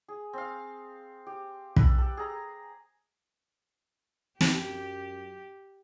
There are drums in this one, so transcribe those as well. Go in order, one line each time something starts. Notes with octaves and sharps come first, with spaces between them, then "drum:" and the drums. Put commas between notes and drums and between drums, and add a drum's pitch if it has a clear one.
G#4
C4 F5
G4
A4 B4, drum: kick
G4 A4
G#4 A#5
F#2 G4, drum: snare